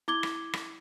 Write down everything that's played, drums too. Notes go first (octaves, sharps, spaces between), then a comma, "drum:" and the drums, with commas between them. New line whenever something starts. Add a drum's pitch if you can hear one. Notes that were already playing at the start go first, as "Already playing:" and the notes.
E4 D6 G#6 G7
drum: rim click
drum: rim click